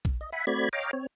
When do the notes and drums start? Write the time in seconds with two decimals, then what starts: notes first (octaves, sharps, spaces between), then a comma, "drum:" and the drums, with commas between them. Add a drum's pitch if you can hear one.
0.05 drum: kick A#1
0.21 D#5
0.32 E5 F#5 G#5 B5
0.47 A3 C4 F#4 D5 B5 G#6
0.73 C#5 D#5 F5 G5 A#5 D6
0.93 C4 C#5